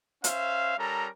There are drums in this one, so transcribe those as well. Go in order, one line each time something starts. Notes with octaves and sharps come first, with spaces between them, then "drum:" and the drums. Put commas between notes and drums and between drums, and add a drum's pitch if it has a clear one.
C#4 C5 E5 F5, drum: hi-hat
G3 C#4 A4 A#4 A#5